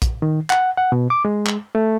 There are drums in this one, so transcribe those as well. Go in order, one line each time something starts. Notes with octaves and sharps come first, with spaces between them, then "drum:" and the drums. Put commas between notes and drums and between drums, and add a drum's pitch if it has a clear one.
drum: kick, hi-hat
D#3
F#5, drum: clap
F#5
B2
D6
G#3
drum: clap
A3